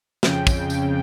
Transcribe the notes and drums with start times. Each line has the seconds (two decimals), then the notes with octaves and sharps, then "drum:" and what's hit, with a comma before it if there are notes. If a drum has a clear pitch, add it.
0.23 F2 C#3 G5, drum: snare
0.47 drum: kick, tambourine
0.70 drum: tambourine